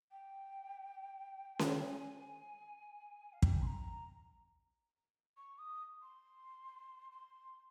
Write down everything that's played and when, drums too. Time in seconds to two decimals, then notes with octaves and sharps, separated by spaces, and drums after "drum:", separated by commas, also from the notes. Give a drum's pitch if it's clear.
0.11 G5
1.59 drum: snare C#4
1.86 G#5
3.33 F5
3.42 G5, drum: kick
3.53 G#5
3.62 C6
3.67 A#5
5.37 C#6
5.58 D#6
6.02 C6
7.11 C6